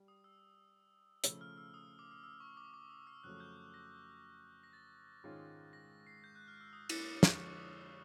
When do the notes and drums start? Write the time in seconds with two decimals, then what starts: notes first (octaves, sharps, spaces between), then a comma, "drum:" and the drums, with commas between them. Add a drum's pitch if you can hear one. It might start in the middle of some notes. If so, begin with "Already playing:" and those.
Already playing: G3
0.08 D#6
0.24 E6
1.24 C#3 F3 A3 E6, drum: hi-hat
1.41 F6
1.58 E6
1.74 D#6
1.99 D6
2.11 E6
2.23 E6
2.40 C#6
2.57 D6
2.74 D6
2.90 D#6
3.07 E6
3.24 F2 C#3 F#3 A3 F#6
3.40 G6
3.74 A#6
4.63 A#6
4.73 A6
5.24 G#2 D#3 G#3 C#4 F4
5.73 A#6
6.07 C7
6.24 G6
6.35 F#6
6.48 F6
6.61 E6
6.73 D#6
6.89 D6, drum: cymbal
7.06 D6
7.23 F2 D3 F3 G#3 C#6, drum: snare
7.35 C#6
7.48 D6
7.60 D#6
7.73 E6